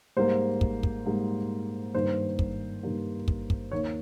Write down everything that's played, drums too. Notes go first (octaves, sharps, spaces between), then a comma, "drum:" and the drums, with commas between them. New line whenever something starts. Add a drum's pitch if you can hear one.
G#2 G3 A#3 C5
drum: kick
drum: kick
G#2 G3 A#3
G2 D#3 G3 A#3 C5
drum: kick
G2 D#3 G3 A#3
drum: kick
drum: kick
D#2 D#3 A#3 C#5